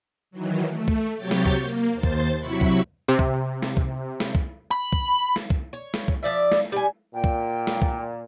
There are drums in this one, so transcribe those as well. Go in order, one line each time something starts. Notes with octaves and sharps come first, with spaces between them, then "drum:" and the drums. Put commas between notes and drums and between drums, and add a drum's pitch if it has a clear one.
D#3 E3 F#3
A3
drum: kick
C3 F#3 G4 C#5 G5 A6
drum: snare
drum: kick
A#3
D#2 C5 A6
drum: kick
C3 F#3 E4 B5 C#6
drum: kick
C3
drum: kick
drum: snare
drum: kick
drum: snare
drum: kick
B5
drum: kick
drum: snare
drum: kick
C#5
drum: snare
drum: kick
F3 D5 E5
drum: snare
G3 G#5
A#2 G5
drum: kick
drum: snare
drum: kick